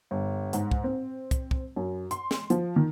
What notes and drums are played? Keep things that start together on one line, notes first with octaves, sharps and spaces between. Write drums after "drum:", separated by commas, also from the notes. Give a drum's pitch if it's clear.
G1
G#2, drum: hi-hat
drum: kick
C4
drum: kick, hi-hat
drum: kick
F#2
C6, drum: hi-hat
drum: snare
F3, drum: hi-hat
D#3